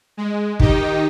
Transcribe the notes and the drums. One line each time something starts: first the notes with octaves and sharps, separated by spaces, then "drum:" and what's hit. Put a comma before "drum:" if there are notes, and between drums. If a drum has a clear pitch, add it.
G#3
D#3 D#4 G4 D#5 G5, drum: kick